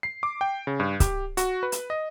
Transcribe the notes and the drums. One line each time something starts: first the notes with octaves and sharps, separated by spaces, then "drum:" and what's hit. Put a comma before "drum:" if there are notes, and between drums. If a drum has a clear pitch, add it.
C7
D6
G5
C#3
G2
G4, drum: kick C#1, hi-hat
F#4, drum: hi-hat
B4
drum: hi-hat
D#5